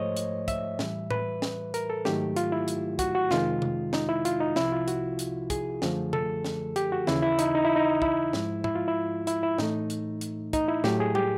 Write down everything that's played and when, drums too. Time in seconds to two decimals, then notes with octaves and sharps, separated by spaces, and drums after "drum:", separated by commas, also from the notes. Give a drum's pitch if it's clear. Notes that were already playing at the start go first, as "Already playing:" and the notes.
Already playing: G#2 F3 A3 C5 C#5 D#5
0.17 drum: hi-hat
0.48 E5, drum: kick, hi-hat
0.79 A2 E3 G3, drum: snare
1.11 B4, drum: tom A2
1.42 drum: snare
1.74 A#4, drum: hi-hat
1.90 A4
2.05 G#2 D#3 F#3 A3 G4, drum: snare
2.36 F4, drum: hi-hat
2.52 E4
2.68 drum: hi-hat
2.99 F#4, drum: kick, hi-hat
3.15 F#4
3.31 F2 C3 D#3 G#3 F4, drum: snare
3.62 drum: tom C3
3.93 D#4, drum: snare
4.09 E4
4.25 F4, drum: hi-hat
4.40 D#4
4.56 C2 C3 F3 E4, drum: snare
4.72 F4
4.88 F#4, drum: hi-hat
5.19 drum: hi-hat
5.50 G#4, drum: kick, hi-hat
5.82 F#2 D3 F3 A3, drum: snare
6.13 A4, drum: tom C3
6.45 drum: snare
6.76 G4, drum: hi-hat
6.92 F#4
7.07 D#2 C#3 E3 E4, drum: snare
7.22 E4
7.39 D#4, drum: hi-hat
7.55 D#4
7.64 E4
7.76 D#4
8.02 E4, drum: kick
8.33 G#2 F3 G#3, drum: snare
8.64 E4, drum: tom G#2
8.75 F4
8.88 E4
9.27 E4, drum: hi-hat
9.43 E4
9.59 A2 E3 A3 D#4, drum: snare
9.90 drum: hi-hat
10.21 drum: hi-hat
10.53 D#4, drum: kick, hi-hat
10.68 E4
10.84 A2 F#3 A3 G4, drum: snare
11.00 G#4
11.15 G4, drum: tom